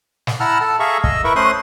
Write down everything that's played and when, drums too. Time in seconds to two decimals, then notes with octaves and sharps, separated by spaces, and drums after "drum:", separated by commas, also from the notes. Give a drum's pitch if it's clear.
0.27 drum: snare
0.40 E4 F#5 A5 A#5 E6 F6
0.61 A4 A5
0.80 G#4 A4 E5 F5 A#5 C#6
1.04 D#5 E6, drum: kick
1.24 E4 A#4 B4 E5 C#6
1.36 A3 C#4 C5 C6 D#6 F#6